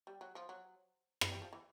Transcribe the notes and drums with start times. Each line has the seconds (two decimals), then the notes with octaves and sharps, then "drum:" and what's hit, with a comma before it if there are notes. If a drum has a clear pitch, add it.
0.07 G3
0.21 F#3
0.35 F3
0.49 F#3
1.21 drum: rim click
1.32 G3
1.42 F3
1.53 E3